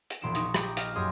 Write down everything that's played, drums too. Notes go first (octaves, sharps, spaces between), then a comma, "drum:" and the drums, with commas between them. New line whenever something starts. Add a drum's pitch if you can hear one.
drum: hi-hat
E1 A#1 C6 D7 E7
D#4 C#6 D#6 C#7, drum: hi-hat
G4 A#5, drum: rim click
D#5 F5, drum: hi-hat
F#2 G4 G#4 D#5 C6